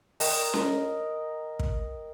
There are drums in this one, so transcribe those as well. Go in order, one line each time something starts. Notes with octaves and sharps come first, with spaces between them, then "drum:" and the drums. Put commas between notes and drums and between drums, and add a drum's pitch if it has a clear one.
A#4 D#5 G5, drum: open hi-hat
drum: snare C#4
drum: kick